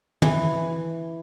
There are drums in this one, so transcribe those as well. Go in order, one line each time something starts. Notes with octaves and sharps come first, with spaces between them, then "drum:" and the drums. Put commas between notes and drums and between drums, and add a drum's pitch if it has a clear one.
E3, drum: tom